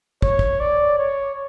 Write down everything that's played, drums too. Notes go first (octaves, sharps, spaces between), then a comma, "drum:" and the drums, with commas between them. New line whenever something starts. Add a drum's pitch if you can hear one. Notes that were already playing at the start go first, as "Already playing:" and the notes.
C#5, drum: kick
drum: kick
D5
C#5